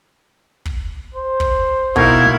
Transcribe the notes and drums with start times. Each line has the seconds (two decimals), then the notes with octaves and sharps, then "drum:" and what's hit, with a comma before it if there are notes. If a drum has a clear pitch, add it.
0.66 drum: kick
1.15 C5
1.40 drum: kick
1.96 B2 D#4 E4 A#4 F5 G#6, drum: kick